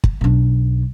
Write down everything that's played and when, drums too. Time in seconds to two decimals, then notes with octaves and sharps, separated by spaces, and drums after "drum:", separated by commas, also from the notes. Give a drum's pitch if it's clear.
0.04 drum: kick
0.21 B1 D4